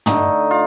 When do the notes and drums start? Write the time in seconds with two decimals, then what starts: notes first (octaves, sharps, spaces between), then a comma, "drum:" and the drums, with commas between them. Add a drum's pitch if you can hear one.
0.06 D3 A3 D#4, drum: tom
0.51 F4